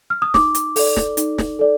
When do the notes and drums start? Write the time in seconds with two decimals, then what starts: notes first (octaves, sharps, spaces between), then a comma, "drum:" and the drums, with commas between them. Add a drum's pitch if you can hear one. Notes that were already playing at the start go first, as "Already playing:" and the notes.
0.10 F6
0.22 D#6
0.34 D#4 D6, drum: snare
0.55 drum: hi-hat
0.76 A4 D5, drum: open hi-hat
0.96 drum: snare
1.17 D#4, drum: hi-hat
1.38 drum: snare
1.59 A4 D5